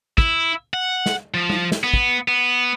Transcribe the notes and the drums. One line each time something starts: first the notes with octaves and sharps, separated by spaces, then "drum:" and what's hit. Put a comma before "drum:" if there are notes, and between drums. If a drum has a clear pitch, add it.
E4, drum: kick
F#5
drum: snare
F3
drum: tom G3
drum: snare
B3
drum: kick
B3